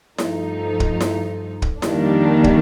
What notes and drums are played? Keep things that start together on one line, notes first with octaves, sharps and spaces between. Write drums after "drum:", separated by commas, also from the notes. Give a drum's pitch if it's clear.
G2 F3 A3 D#4, drum: snare E4
drum: kick
drum: snare E4
drum: kick
F2 D#3 G3 A#3 D4, drum: snare E4
drum: kick